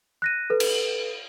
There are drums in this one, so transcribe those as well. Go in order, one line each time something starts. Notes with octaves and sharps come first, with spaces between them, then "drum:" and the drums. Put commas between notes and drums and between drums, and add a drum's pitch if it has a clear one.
F#6 A#6 D#7
A4 B4
drum: cymbal